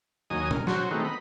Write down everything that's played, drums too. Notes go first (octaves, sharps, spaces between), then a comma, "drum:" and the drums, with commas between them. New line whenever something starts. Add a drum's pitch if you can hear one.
D#2 F#3 D#4 G#5 D#6
A#4, drum: tom A#2
F#3 F#4 C5, drum: snare
D#3 G#3 A3 B3 C4 D#4
D#5 B5